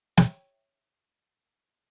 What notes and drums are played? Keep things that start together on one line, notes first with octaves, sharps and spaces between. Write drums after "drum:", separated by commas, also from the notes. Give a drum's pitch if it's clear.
C#5 E5 G5, drum: snare